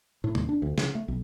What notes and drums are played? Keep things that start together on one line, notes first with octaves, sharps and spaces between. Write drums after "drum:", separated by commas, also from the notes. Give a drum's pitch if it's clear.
A2
D#2, drum: tom C3
D4
D2
C#3, drum: snare
A3
B1